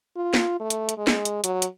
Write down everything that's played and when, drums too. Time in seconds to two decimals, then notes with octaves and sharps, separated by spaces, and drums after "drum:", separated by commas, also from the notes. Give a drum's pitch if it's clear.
0.16 F4
0.34 drum: snare
0.60 A3
0.70 drum: hi-hat
0.89 drum: hi-hat
0.98 G#3
1.07 drum: snare
1.25 drum: hi-hat
1.44 F#3, drum: hi-hat
1.62 drum: hi-hat